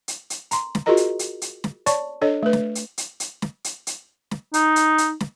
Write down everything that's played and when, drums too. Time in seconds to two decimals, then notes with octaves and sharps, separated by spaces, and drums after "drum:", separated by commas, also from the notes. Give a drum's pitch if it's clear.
0.08 drum: hi-hat
0.30 drum: hi-hat
0.51 A#5 C6, drum: hi-hat
0.75 drum: snare
0.86 F4 F#4 G#4 A#4 D#5 A#5
0.97 drum: hi-hat
1.19 drum: hi-hat
1.42 drum: hi-hat
1.64 drum: snare
1.86 C#5 D5 A5 C#6, drum: hi-hat
2.21 D4 A4 C#5 D#5
2.43 A3 B4
2.53 drum: snare
2.75 drum: hi-hat
2.98 drum: hi-hat
3.20 drum: hi-hat
3.42 drum: snare
3.64 drum: hi-hat
3.87 drum: hi-hat
4.31 drum: snare
4.54 D#4, drum: hi-hat
4.76 drum: hi-hat
4.98 drum: hi-hat
5.20 drum: snare